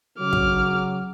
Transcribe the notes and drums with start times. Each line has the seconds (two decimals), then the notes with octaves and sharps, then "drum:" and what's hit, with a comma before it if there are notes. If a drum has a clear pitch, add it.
0.19 C#3 F#3 D6 F6
0.33 drum: kick